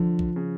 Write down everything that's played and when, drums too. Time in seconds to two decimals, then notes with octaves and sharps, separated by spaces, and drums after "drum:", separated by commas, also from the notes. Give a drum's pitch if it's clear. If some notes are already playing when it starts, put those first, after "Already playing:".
Already playing: D3 F3
0.19 drum: kick
0.36 C#3